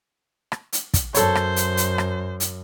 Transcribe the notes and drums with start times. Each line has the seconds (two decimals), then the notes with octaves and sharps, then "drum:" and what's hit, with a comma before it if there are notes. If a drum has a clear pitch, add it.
0.52 drum: rim click
0.73 drum: hi-hat
0.94 drum: kick, hi-hat
1.14 F#2 A4 C5 C#5, drum: hi-hat
1.35 drum: rim click
1.56 drum: hi-hat
1.77 drum: hi-hat
1.98 drum: rim click
2.40 drum: hi-hat